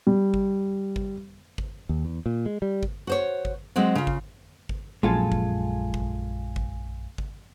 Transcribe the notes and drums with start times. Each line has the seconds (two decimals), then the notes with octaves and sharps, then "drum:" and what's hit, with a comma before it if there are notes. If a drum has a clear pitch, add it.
0.07 G3
0.34 drum: kick G#1
0.96 drum: kick G#1
1.58 drum: kick G#1
1.89 D#2
2.05 E2
2.26 A#2
2.46 G#3
2.62 G3
2.83 drum: kick G#1
3.07 F#4 C5 C#5
3.45 drum: kick G#1
3.76 F#3 G#3 C4 F#4
3.95 C#3 F4
4.07 drum: kick G#1
4.69 drum: kick G#1
5.03 A#1 F#2 G#3 F4 A4 G#5
5.32 drum: kick G#1
5.94 drum: kick G#1
6.56 drum: kick G#1
7.18 drum: kick G#1